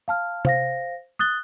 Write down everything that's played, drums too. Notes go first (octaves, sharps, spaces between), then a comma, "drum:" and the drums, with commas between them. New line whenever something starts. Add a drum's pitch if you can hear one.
F5 A5 F6
C5 F5 A#6, drum: tom C3
D#6 F#6 A6 G7